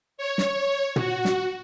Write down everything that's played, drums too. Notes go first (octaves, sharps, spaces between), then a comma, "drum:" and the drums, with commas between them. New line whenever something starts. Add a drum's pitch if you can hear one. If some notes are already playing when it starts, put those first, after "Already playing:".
C#5
drum: snare
F#4, drum: tom
drum: snare